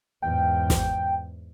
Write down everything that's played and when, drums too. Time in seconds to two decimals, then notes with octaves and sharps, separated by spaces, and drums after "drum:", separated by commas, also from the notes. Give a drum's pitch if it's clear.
0.22 E2 G#2 G5
0.70 drum: snare